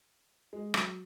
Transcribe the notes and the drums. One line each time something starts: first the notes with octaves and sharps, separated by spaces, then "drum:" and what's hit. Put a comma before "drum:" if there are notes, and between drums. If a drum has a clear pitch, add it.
G#3
F#3, drum: rim click